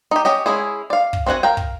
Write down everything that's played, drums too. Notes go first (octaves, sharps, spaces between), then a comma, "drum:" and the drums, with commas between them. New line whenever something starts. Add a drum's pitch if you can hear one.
D#4 G4
C#4 G4 D#5
G#3 C#4 E4 G#4
D5 F5
drum: kick
C4 F#4 C#5 F#5 G#5
A#4 F5 G5
drum: kick